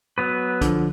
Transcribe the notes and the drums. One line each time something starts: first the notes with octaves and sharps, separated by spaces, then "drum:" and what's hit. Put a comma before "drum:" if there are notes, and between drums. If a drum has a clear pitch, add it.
F#3 B3 B4
D3 F3, drum: kick, hi-hat